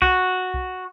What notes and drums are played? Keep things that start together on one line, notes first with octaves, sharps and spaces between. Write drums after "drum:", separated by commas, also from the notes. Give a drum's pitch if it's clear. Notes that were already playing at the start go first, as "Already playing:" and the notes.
F#4, drum: kick B1
drum: kick B1